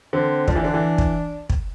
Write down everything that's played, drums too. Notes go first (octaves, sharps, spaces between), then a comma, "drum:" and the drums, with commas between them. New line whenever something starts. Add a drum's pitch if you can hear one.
D3 C4
F3 D4, drum: kick
E3
D3 D4
E3
drum: kick
drum: kick